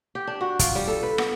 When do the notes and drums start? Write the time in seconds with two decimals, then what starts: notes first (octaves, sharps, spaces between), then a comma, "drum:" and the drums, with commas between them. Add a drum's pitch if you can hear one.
0.15 G4
0.27 D4
0.41 F#4
0.59 F4, drum: kick, hi-hat
0.75 G3
0.87 A4
1.03 B4
1.18 B3, drum: rim click